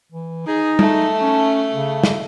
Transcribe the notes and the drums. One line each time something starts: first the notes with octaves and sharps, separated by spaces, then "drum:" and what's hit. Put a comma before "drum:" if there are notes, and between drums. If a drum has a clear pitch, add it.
E3
D#4 G#4
A3, drum: tom
C#4
C#3
drum: snare